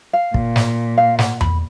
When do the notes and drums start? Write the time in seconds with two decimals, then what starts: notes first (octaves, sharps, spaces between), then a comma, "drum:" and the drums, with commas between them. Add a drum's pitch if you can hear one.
0.13 F5
0.34 A#2, drum: kick
0.56 drum: snare
0.98 F5
1.19 F#5, drum: snare
1.41 B5, drum: tom E2